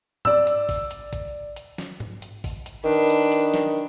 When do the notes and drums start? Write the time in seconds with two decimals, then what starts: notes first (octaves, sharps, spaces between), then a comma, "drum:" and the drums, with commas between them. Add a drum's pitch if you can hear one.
0.25 D5 E6, drum: tom G#2
0.47 drum: hi-hat
0.69 drum: kick, open hi-hat
0.91 drum: hi-hat
1.13 drum: kick, hi-hat
1.56 drum: hi-hat
1.78 drum: snare
2.00 drum: tom G#2
2.22 drum: hi-hat
2.44 drum: kick, open hi-hat
2.66 drum: hi-hat
2.84 D#3 D4 B4
3.10 drum: hi-hat
3.32 drum: hi-hat
3.54 drum: snare